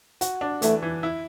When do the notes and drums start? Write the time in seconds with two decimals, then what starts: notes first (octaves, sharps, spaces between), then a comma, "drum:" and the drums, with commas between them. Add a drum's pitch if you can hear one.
0.21 F#4, drum: hi-hat
0.41 D4
0.62 E3 A3, drum: hi-hat
0.82 E3
1.03 E4